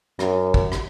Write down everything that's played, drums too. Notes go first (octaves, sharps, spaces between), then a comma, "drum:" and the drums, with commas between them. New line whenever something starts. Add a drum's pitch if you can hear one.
F#2, drum: rim click
drum: kick
drum: rim click